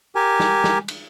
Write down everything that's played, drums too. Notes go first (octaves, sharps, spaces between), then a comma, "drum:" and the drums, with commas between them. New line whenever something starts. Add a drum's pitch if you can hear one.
G4 A#4 G#5
drum: snare
drum: snare
drum: cymbal